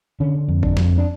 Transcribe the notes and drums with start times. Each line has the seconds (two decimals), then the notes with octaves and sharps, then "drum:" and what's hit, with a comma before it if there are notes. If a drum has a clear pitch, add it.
0.20 D3 C#4
0.48 F2
0.63 D4, drum: kick G1
0.77 F2, drum: snare
0.98 D4